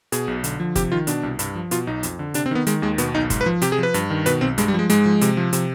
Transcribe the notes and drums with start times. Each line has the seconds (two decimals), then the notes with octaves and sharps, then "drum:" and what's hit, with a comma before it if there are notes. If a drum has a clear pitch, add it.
0.12 B2 G#4, drum: hi-hat
0.28 B1
0.44 D3, drum: hi-hat
0.60 F3
0.76 C3 G4, drum: kick, hi-hat
0.92 D#3 F4
1.07 B2 D4, drum: hi-hat
1.23 C2
1.39 G2, drum: hi-hat
1.55 F3
1.71 B2 F4, drum: hi-hat
1.87 B1 D#4
2.03 F2, drum: hi-hat
2.19 D3
2.34 C3 D4, drum: hi-hat
2.46 C4
2.51 D#3 B3
2.67 D#3 G#3, drum: hi-hat
2.82 D#2 G#3
2.98 B2 B3, drum: hi-hat
3.14 B1 D#4
3.30 G#2, drum: kick, hi-hat
3.41 B4
3.46 F3
3.62 C3 G4, drum: hi-hat
3.72 G#4
3.78 F3 B4
3.94 G2, drum: hi-hat
4.10 D#3
4.26 B2 B4, drum: hi-hat
4.41 B1 C4
4.58 G2 G#3, drum: hi-hat
4.68 G3
4.74 F3 G#3
4.90 G#2 G#3, drum: hi-hat
5.06 F3
5.21 C3, drum: hi-hat
5.37 F3
5.53 C3, drum: hi-hat